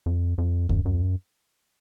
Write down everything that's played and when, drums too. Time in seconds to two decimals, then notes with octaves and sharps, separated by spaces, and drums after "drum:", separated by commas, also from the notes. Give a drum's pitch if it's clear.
0.06 F2
0.38 F2
0.69 F#2, drum: kick D2
0.85 F#2
0.94 F2
1.01 F#2